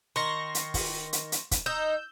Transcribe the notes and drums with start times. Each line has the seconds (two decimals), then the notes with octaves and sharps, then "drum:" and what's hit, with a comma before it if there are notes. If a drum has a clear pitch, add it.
0.16 D#3 C6 C#6 A#6
0.55 drum: hi-hat
0.74 drum: kick, open hi-hat
1.13 drum: hi-hat
1.32 drum: hi-hat
1.51 drum: kick, hi-hat
1.66 D#4 E6 G6